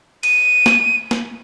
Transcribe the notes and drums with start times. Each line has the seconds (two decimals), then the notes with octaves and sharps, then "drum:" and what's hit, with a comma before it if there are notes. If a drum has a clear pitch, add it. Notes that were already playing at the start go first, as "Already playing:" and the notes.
0.23 D#7, drum: cymbal
0.66 drum: snare
1.11 drum: snare